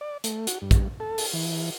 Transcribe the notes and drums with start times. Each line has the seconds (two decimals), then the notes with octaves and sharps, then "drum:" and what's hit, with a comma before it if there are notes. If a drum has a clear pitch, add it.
0.01 D5
0.24 A3, drum: hi-hat
0.47 F#4, drum: hi-hat
0.62 G2
0.71 drum: kick, hi-hat
1.00 A4
1.18 drum: open hi-hat
1.33 E3